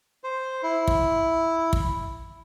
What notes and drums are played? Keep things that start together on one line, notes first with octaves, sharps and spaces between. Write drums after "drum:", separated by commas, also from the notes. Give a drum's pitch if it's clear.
C5
E4
drum: kick
drum: kick